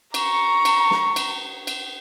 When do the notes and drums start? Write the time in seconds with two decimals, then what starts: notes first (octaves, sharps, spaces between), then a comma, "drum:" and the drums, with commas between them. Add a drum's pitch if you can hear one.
0.14 A#5 C#6, drum: cymbal
0.65 drum: cymbal
0.91 drum: snare
1.16 drum: cymbal
1.67 drum: cymbal